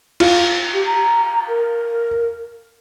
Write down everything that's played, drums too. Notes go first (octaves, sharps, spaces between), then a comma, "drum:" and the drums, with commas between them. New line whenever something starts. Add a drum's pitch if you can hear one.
F4, drum: cymbal
G4
A#5
A#4